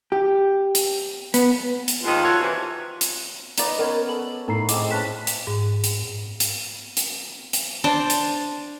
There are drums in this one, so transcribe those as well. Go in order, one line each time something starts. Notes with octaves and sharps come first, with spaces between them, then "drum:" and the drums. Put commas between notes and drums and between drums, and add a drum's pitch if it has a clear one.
G4
drum: hi-hat
B3, drum: hi-hat
drum: hi-hat
D#2 G#2 D#3 F4
F#4 A4 C#5
F#2 C3 E3
drum: hi-hat
D#4 B4 D5 D#5, drum: hi-hat
B3 C#4 A#4 C#5 D5
A4 F#7
A2 D#4 A4 A#5 C7
G#3 C4 D6, drum: hi-hat
C#4 B4 A5 F#6 B6 E7
drum: hi-hat
G#2
drum: hi-hat
drum: hi-hat
drum: hi-hat
drum: hi-hat
D4 C5 D5 A5
drum: hi-hat